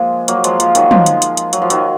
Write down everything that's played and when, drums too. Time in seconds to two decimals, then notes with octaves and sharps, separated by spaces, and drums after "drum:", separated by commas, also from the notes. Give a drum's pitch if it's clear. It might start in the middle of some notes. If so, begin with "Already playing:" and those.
Already playing: F3 G#3 A#3
0.28 F#3 A#3, drum: hi-hat
0.44 F3 G#3, drum: hi-hat
0.60 F3, drum: hi-hat
0.75 D#3 F#3, drum: hi-hat
0.91 F3 G#3, drum: tom
1.06 drum: hi-hat
1.22 drum: hi-hat
1.37 drum: hi-hat
1.53 F#3, drum: hi-hat
1.62 F3
1.70 D#3 F#3, drum: hi-hat